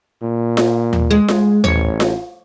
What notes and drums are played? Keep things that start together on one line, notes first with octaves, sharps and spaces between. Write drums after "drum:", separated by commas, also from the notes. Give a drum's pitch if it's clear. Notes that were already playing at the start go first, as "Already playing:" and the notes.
A#2
drum: snare F4
drum: tom D#2
G#3
drum: snare F4
A1 C#5, drum: tom D#2
drum: snare F4